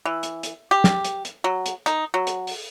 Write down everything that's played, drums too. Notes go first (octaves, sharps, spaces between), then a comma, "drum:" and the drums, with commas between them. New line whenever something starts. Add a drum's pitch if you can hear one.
E3
drum: hi-hat
drum: hi-hat
G4
drum: snare
drum: hi-hat
drum: hi-hat
F#3
drum: hi-hat
D#4, drum: hi-hat
F#3
drum: hi-hat
drum: open hi-hat